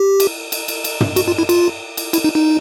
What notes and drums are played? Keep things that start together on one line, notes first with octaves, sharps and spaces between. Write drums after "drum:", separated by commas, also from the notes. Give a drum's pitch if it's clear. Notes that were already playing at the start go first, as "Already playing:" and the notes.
Already playing: G4
drum: cymbal
drum: cymbal
drum: cymbal
drum: cymbal
drum: tom
F#4, drum: cymbal
F4
E4
F4, drum: cymbal
drum: cymbal
E4, drum: cymbal
D#4
D#4